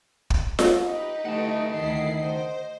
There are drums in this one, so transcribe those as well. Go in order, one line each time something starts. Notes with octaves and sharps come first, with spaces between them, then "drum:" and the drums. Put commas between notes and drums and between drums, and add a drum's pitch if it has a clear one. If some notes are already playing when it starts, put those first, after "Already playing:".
drum: kick
drum: snare F4
D#4 G4 B4 D#5
D3 E3 A3 F#5 A5
D2 D#3 E4 C7
C5